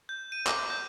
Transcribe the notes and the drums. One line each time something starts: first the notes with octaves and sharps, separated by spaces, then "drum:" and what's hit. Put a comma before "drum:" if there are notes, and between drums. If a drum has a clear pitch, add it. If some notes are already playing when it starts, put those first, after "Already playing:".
G6
D#7
D6, drum: clap
G6